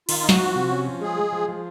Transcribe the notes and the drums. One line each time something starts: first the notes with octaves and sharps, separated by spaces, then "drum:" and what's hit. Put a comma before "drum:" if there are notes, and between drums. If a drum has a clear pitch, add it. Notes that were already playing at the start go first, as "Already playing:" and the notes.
D#3 F4, drum: cymbal
F4
D#4
F#4, drum: snare
F3
C3
C#4
F3
G#3 G#4
G#3
F3
F3